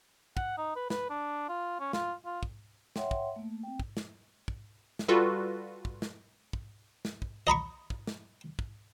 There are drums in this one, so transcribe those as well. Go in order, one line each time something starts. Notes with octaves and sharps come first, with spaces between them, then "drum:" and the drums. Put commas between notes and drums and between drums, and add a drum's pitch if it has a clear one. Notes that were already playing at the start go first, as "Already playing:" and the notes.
F#5, drum: kick
D#4
B4
B4, drum: snare
D4
F4
C#4
F4, drum: snare
F4
drum: kick
C#5 E5 F#5 G5 C6, drum: snare
drum: kick
A3 A#3
C4 G5
drum: kick
drum: snare
drum: kick
drum: snare
G3 F4 F#4 A4 B4
drum: kick
drum: snare
drum: kick
drum: snare
drum: kick
D#5 A#5 B5 C#6
drum: kick
drum: snare
drum: kick